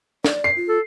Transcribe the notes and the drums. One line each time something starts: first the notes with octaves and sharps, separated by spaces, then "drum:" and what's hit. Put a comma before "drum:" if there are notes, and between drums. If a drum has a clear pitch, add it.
D5, drum: snare
C7
F4
A4